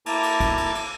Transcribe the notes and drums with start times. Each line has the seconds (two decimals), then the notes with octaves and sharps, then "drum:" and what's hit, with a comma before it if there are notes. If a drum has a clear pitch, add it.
0.06 A#3 E4 A5 A#5 D6, drum: cymbal
0.23 drum: cymbal
0.40 drum: kick, cymbal
0.58 drum: cymbal
0.75 drum: cymbal